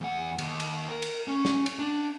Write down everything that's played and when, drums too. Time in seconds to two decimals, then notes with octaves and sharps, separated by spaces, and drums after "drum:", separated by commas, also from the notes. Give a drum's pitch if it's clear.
0.01 E2 F#5
0.38 D#2, drum: cymbal
0.60 drum: cymbal
0.89 A#4
1.02 drum: cymbal
1.28 C#4
1.45 drum: snare
1.66 drum: cymbal
1.79 D4